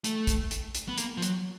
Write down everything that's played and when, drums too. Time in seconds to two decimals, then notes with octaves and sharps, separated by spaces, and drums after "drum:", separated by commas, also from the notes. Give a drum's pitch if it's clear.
0.04 A3, drum: hi-hat
0.27 drum: kick, hi-hat
0.51 drum: hi-hat
0.75 drum: hi-hat
0.88 B3
0.98 A#3, drum: hi-hat
1.17 F3
1.22 F#3, drum: hi-hat